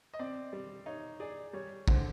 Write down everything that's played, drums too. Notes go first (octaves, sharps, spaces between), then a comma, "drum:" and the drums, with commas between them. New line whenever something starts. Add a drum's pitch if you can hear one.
D#5
C4 D5
G3
D#4 C#5
G#4 D5
G3 C#5
D3 C5, drum: kick